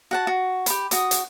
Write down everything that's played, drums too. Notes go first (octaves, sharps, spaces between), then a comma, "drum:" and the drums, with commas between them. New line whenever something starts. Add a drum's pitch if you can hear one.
F#4 F#5 A5
F#4
G4 B5, drum: hi-hat
F#4 D#6, drum: hi-hat
drum: hi-hat